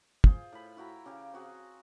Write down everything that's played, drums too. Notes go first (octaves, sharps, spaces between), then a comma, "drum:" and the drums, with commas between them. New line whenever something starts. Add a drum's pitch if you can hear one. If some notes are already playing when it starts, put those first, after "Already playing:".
F4 G#4 C5, drum: kick
A2 B5
E4 F#4 G5 A#5
C#3 G4 F5
C4 F#4 G#4